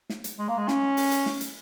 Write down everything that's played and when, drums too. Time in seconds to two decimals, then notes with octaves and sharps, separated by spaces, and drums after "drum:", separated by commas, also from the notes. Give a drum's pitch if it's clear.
0.10 drum: snare
0.24 drum: hi-hat
0.38 G#3
0.48 A#3
0.58 G#3
0.68 C#4, drum: snare
0.97 drum: open hi-hat
1.12 drum: hi-hat
1.26 drum: snare
1.41 drum: hi-hat